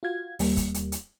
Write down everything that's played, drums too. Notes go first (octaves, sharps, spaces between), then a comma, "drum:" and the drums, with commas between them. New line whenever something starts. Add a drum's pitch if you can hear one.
F4 F#4 F5 G#6
D#2 G3 A#3, drum: open hi-hat
drum: kick, hi-hat
drum: hi-hat
drum: hi-hat